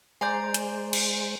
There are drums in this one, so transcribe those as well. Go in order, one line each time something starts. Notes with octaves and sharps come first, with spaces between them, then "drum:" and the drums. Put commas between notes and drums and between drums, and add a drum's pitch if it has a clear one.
G#3 C5 D5 G#5 A#5 C6 G6
drum: hi-hat
drum: cymbal